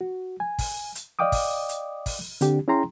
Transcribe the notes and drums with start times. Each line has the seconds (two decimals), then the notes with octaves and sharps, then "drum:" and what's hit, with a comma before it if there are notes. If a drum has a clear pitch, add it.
0.01 F#4
0.40 G#5
0.59 drum: kick, open hi-hat
0.95 drum: hi-hat
1.19 D5 D#5 F5 G5 D6 D#6
1.32 drum: kick, open hi-hat
1.69 drum: hi-hat
2.06 drum: kick, open hi-hat
2.41 D3 C4 D4 G4, drum: hi-hat
2.68 C#4 E4 G#4 G5 A#5 C6